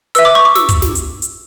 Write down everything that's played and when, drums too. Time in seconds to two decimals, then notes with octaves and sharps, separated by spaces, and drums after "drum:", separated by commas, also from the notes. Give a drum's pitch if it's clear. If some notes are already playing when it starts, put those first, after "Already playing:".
0.15 B4 E5 E6, drum: hi-hat
0.25 D6
0.35 C#6
0.45 D6
0.55 E6, drum: snare
0.69 drum: kick, hi-hat
0.82 drum: snare
0.95 drum: hi-hat
1.22 drum: hi-hat